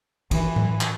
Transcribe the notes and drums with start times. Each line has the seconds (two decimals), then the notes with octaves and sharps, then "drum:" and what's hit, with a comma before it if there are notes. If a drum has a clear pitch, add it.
0.31 E3, drum: kick, cymbal
0.56 drum: tom A2
0.81 drum: clap